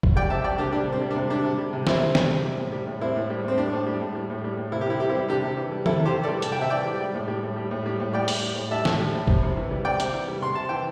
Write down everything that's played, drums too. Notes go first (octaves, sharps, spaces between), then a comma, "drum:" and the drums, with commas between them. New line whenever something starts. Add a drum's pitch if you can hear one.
drum: kick
G3 D5 G5
C3 E5 A5
G3 D5 G5
C3 D4 G4
G3 D4
C3
C4
G3
D4
C3
G3 D4
C3
G3
C3
G3 C4 E4, drum: snare
C3
G3, drum: snare
C3
G3
A2
G3
A2
G3 C4 E4
A2
G3
A2 C4
G3 D4
A2
G3
A2
G3
A2
G3
A2
C3 E4
G4
C3 E4
E3 G4
C4 E4
G3
C3 D4 G4
C3
E3
G3
C3 E4 A4, drum: tom D#3
C3
G4 C5
E3
A4 D5
G3
C3 A5, drum: hi-hat
G5
C3 E5
E3 D5 G5
G3
G3
A2
G3
A2
G3
A2
G3
A2
G3 D5 G5
A2, drum: open hi-hat
G3
A2
G3 E5 A5
A2, drum: snare
G3
A2
C3, drum: kick
C3
E3
G3
C3 D5 G5
C3, drum: hi-hat
E3
G3
C3 C6
C3 A5
E3 G5